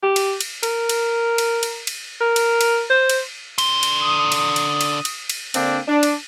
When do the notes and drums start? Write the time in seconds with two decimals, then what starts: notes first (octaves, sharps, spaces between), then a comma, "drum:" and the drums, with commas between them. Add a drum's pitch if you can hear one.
0.03 G4
0.16 drum: cymbal
0.41 drum: cymbal
0.63 A#4, drum: cymbal
0.89 drum: cymbal
1.38 drum: cymbal
1.63 drum: cymbal
1.87 drum: cymbal
2.21 A#4
2.36 drum: cymbal
2.61 drum: cymbal
2.90 C5
3.09 drum: cymbal
3.58 D3 C6, drum: cymbal
3.83 drum: cymbal
4.02 D#6
4.32 drum: cymbal
4.56 drum: cymbal
4.81 drum: cymbal
5.05 drum: cymbal
5.30 drum: cymbal
5.54 D3 A#3 C4 D4, drum: cymbal
5.88 D4
6.03 drum: cymbal